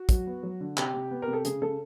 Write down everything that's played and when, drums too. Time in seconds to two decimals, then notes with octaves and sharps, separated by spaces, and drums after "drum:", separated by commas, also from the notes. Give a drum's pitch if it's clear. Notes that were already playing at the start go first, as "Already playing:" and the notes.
Already playing: F#4
0.09 F#3, drum: kick, hi-hat
0.27 B3
0.43 F#3
0.61 D3
0.77 C3 G4, drum: clap
0.94 C3
1.11 B3
1.22 A#4
1.28 C3
1.33 A4
1.45 C#3 G#4, drum: hi-hat
1.62 C#3 A4